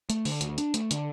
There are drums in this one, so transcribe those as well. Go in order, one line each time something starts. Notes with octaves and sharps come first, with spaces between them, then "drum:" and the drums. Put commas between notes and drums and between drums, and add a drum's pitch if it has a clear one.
A3, drum: hi-hat
D3, drum: open hi-hat
D2, drum: hi-hat
D4, drum: hi-hat
A3, drum: hi-hat
D3, drum: hi-hat